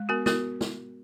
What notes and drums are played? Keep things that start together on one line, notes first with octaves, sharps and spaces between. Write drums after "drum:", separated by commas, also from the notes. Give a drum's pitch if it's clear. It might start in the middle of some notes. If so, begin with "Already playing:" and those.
Already playing: G#3
B3 F#4 A#4
B3 F#4 A#4, drum: snare
drum: snare